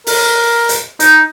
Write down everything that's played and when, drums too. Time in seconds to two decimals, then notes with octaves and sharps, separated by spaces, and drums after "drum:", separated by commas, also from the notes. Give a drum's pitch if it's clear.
0.07 A#4, drum: open hi-hat
0.69 drum: hi-hat
1.00 D#4, drum: hi-hat